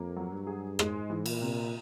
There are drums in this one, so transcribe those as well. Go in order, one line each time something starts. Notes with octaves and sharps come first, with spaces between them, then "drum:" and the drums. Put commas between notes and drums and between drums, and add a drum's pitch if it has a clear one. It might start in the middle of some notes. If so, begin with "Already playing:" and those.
Already playing: F2 A#3
F#3
G2
G#4
G#2 G#3, drum: rim click
E3
A#2, drum: cymbal
C3